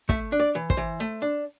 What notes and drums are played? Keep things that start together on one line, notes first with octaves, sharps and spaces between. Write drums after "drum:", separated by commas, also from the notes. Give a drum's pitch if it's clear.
A3 E5, drum: kick
D4
D5
E3
C5, drum: kick
E3
A3
D4